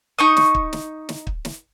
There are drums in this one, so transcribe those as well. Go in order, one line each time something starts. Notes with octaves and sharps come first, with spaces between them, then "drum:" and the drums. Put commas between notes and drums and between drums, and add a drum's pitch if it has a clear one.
D#4 C#6 D#6
drum: snare
drum: kick
drum: snare
drum: snare
drum: kick
drum: snare